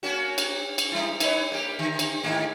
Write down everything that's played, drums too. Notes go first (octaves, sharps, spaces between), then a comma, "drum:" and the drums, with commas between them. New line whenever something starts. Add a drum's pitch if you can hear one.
A#3 C#4 F#4
drum: cymbal
drum: cymbal
G3 E4
D#4 B4 C#5, drum: cymbal
A#3 G4
D3
drum: cymbal
G#2 D#3 A#3